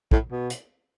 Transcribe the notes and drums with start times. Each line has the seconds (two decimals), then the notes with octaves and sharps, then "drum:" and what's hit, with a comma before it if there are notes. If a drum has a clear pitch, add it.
0.11 A2, drum: kick
0.31 B2
0.50 drum: hi-hat